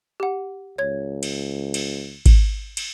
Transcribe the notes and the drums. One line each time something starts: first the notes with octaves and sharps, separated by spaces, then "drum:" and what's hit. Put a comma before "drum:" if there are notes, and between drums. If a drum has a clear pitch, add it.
G4 F#5
C#2 C#5 G#6
drum: cymbal
drum: cymbal
drum: kick G#1, cymbal
drum: cymbal